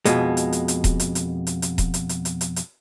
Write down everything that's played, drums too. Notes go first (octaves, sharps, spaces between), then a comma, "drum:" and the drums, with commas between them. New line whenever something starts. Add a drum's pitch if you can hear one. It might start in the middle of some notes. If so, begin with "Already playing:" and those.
F2 B2 G#3, drum: hi-hat
drum: hi-hat
drum: hi-hat
drum: hi-hat
drum: kick D#1, hi-hat
drum: hi-hat
drum: hi-hat
drum: hi-hat
drum: hi-hat
drum: kick D#1, hi-hat
drum: hi-hat
drum: hi-hat
drum: hi-hat
drum: hi-hat
drum: hi-hat